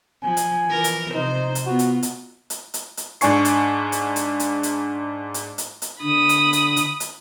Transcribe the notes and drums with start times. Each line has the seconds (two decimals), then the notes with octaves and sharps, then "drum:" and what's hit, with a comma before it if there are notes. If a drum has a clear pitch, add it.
0.23 F3 G#5
0.37 drum: hi-hat
0.67 E3 F3 A#4
0.84 drum: hi-hat
1.13 C3 D#4 C5
1.55 drum: hi-hat
1.66 B3 F4 F#4
1.79 drum: hi-hat
2.03 drum: hi-hat
2.50 drum: hi-hat
2.74 drum: hi-hat
2.97 drum: hi-hat
3.21 G#2 D4 D5 G#5 C#6 C7, drum: hi-hat
3.45 drum: hi-hat
3.92 drum: hi-hat
4.16 drum: hi-hat
4.40 drum: hi-hat
4.63 drum: hi-hat
5.34 drum: hi-hat
5.58 drum: hi-hat
5.82 drum: hi-hat
6.03 D3 B5 D#6
6.29 drum: hi-hat
6.53 drum: hi-hat
6.76 drum: hi-hat
7.00 drum: hi-hat